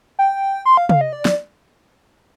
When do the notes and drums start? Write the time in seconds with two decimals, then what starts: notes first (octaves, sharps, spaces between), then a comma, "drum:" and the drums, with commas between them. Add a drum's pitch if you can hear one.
0.19 G5
0.66 C6
0.77 F5
0.89 F5, drum: tom
1.01 D#5
1.13 D5
1.25 drum: snare